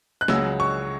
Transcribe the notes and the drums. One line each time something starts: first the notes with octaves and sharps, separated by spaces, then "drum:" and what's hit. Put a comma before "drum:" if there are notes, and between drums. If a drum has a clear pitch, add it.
F#6
C#2 C#3 F#3 E6, drum: snare A3
C#6